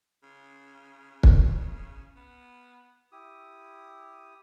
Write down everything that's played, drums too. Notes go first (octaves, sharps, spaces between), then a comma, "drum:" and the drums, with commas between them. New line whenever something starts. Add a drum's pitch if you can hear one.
C#3
drum: kick
B3
E4 G4 D#6